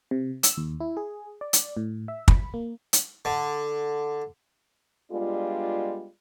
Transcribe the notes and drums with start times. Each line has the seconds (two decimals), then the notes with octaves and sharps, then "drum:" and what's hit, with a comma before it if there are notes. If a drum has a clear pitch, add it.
0.11 C3
0.43 E6, drum: hi-hat
0.57 D#2
0.80 E4
0.97 G#4
1.41 D5
1.53 drum: hi-hat
1.77 A2
2.08 E5
2.28 B5, drum: kick
2.54 A#3
2.93 drum: hi-hat
3.25 D3
5.11 G3 G#3 B3 D4 F4